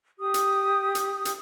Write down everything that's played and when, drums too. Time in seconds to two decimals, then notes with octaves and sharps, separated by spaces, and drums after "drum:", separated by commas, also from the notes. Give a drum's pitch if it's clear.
0.19 G4 D#6
0.34 drum: hi-hat
0.95 drum: hi-hat
1.25 drum: hi-hat